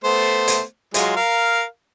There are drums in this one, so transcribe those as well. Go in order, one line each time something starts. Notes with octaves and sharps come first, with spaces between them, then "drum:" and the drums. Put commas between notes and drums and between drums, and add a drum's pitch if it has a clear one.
A3 B3 C5
drum: hi-hat
F#3 G#3 F4, drum: hi-hat
A#4 F5